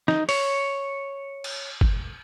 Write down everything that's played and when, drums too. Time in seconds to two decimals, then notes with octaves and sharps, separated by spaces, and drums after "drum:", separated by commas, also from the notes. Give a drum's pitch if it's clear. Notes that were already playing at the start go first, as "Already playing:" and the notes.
0.08 D#4, drum: snare
0.29 C#5, drum: open hi-hat
1.44 drum: cymbal
1.81 drum: kick G1